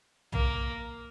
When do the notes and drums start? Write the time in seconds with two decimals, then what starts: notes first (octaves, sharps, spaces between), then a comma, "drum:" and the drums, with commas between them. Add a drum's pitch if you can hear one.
0.32 A#3, drum: tom